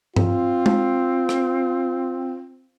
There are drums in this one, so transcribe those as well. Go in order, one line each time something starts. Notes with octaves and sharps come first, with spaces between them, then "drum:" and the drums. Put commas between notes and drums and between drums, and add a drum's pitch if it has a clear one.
C4 F4, drum: tom G2
drum: tom G#3
drum: rim click